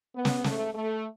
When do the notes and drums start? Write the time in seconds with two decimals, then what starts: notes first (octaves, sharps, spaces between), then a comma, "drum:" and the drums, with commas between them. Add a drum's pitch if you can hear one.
0.15 B3
0.25 drum: snare
0.44 G#2 E3 A3, drum: snare
0.74 A3